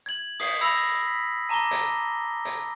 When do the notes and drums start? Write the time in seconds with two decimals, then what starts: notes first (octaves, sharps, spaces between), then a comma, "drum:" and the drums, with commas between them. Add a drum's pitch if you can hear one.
0.06 G#6 F#7
0.40 D#6 B6 C7, drum: open hi-hat
0.61 B5 E6 A#6 F#7
1.08 B6
1.49 A5 A#5 D6 A#6 G7
1.71 drum: hi-hat
2.45 drum: hi-hat